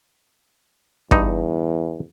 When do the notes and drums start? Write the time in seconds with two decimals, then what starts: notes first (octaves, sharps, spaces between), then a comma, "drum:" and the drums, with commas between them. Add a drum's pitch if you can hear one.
1.11 E2 G2 D#4, drum: kick